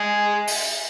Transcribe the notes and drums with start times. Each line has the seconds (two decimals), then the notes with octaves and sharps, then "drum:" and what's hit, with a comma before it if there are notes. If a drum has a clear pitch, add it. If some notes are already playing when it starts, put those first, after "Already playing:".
Already playing: G#3 G#4
0.47 drum: open hi-hat